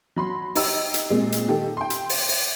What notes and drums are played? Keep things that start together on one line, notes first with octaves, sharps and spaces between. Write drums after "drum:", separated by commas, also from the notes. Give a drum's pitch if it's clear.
F#3 B5 C6
D#4 G4 A#5 E6, drum: open hi-hat
drum: hi-hat
A#2 G#3 C4
drum: hi-hat
D#3 G4 A4
G5 C6
drum: hi-hat
drum: open hi-hat
drum: open hi-hat